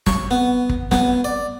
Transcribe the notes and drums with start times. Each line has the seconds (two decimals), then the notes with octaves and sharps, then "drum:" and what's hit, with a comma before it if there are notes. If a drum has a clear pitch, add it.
0.06 C#6, drum: snare
0.31 B3
0.69 drum: kick
0.91 B3, drum: snare
1.24 D5